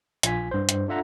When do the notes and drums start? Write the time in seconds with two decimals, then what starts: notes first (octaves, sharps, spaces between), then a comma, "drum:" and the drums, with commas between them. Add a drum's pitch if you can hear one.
0.23 A#1 F4 G#5 B6, drum: hi-hat
0.51 G2 C5
0.69 drum: hi-hat
0.88 D4 F4 A4 E5 F#5 A#5